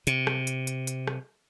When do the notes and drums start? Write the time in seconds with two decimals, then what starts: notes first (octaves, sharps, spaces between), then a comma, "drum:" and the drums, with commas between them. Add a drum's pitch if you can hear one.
0.07 C3, drum: hi-hat
0.27 drum: rim click
0.47 drum: hi-hat
0.67 drum: hi-hat
0.87 drum: hi-hat
1.07 drum: rim click